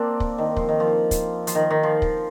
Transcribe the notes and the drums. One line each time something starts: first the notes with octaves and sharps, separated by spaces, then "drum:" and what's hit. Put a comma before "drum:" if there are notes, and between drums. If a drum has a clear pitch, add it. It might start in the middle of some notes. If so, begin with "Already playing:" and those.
Already playing: A#3 C4 D4
drum: kick
D#3
F3, drum: kick
D#3
F3
drum: kick, hi-hat
F3, drum: hi-hat
D#3
D#3
F3
drum: kick